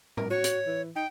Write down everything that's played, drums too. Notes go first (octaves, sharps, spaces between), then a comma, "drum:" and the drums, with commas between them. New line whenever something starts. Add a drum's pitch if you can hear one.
A#4, drum: tom A2
F#4 C#5
drum: hi-hat
E3
D#4 G5